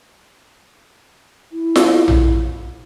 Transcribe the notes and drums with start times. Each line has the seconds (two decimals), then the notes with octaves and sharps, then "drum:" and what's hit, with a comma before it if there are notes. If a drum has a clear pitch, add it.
1.52 E4
1.76 drum: snare F4
2.08 drum: tom A#1